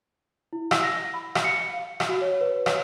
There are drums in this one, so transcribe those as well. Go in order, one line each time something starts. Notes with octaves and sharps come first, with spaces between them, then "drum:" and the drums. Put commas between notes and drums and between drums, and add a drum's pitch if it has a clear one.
E4
E6, drum: rim click
A#6
B5
drum: rim click
C#7
F5
drum: rim click
F#4
C#5
B4
C#5, drum: rim click